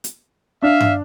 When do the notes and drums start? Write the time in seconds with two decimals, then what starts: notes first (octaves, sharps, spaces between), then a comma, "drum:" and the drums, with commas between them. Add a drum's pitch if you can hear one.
0.04 drum: hi-hat
0.62 D4 E5 F5
0.80 drum: tom G2